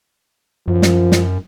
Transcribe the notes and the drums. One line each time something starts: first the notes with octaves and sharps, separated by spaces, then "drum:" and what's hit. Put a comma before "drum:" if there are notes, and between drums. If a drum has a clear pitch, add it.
F#2 F3
drum: snare
drum: snare